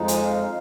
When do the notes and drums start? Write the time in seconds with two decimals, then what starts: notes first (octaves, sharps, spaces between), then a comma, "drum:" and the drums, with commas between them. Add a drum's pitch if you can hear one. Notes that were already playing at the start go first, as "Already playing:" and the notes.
Already playing: F2 F3 G#3 D#4
0.08 G#5, drum: hi-hat
0.24 F5